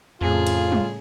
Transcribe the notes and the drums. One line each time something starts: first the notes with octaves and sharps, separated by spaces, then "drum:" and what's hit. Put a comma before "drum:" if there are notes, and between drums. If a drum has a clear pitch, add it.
F2 A2 C#3 F4 G#4
drum: cymbal
drum: tom G3